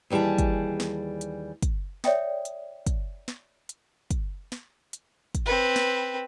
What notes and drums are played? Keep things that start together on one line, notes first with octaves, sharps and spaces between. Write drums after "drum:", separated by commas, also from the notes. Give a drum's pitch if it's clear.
D#2 E3 G3 G#4 A5
drum: kick, hi-hat
drum: snare
drum: hi-hat
drum: kick, hi-hat
C#5 D5 E5 G5 D#6, drum: snare
drum: hi-hat
drum: kick, hi-hat
drum: snare
drum: hi-hat
drum: kick, hi-hat
drum: snare
drum: hi-hat
drum: kick, hi-hat
C4 B4
drum: snare